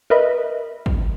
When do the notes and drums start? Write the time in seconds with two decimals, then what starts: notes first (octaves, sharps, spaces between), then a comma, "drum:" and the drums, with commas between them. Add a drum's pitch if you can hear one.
0.10 A#4 B4 D#5 E5 B5
0.86 drum: kick